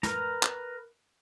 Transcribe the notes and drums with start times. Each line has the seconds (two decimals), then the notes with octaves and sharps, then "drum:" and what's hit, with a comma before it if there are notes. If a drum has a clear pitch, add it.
0.03 A#4 B4 A#5, drum: snare
0.43 drum: clap